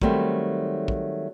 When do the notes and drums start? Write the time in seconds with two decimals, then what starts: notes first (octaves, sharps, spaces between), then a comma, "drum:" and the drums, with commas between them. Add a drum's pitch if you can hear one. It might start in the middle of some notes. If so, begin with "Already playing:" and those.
0.02 D#3 F#3 G3 A3 C4, drum: kick
0.88 drum: kick